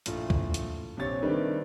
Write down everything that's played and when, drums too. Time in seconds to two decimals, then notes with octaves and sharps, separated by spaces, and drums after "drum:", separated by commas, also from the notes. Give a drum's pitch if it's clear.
0.06 A#1 A2 F4, drum: hi-hat
0.30 drum: kick
0.54 drum: hi-hat
0.97 A#1 C3 C4 G4 C#5 A6
1.23 D#3 G3 A3 C4 D4 B4